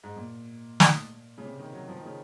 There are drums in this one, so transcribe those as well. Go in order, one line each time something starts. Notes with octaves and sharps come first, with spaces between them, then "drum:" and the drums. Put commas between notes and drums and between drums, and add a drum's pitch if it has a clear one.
G#2
A#2
drum: snare
C#3
C3
D#3
F#3
F3
D#3
C#3